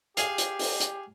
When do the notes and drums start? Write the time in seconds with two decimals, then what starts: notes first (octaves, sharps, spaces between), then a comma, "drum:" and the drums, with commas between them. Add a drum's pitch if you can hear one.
0.17 G4 G#4 F5, drum: hi-hat
0.38 drum: hi-hat
0.59 drum: open hi-hat
0.80 drum: hi-hat